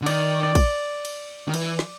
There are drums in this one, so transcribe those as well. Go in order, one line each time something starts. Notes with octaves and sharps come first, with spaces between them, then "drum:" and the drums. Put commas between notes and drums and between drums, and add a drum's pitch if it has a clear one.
D3
D#3 D5, drum: cymbal
D5
drum: kick, cymbal
drum: cymbal
D#3
E3, drum: cymbal
drum: snare